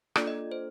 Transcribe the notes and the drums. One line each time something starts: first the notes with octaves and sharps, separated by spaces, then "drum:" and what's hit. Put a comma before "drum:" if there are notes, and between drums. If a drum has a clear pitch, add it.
A#3 D4 F4 A4 D5, drum: rim click
D#5
C5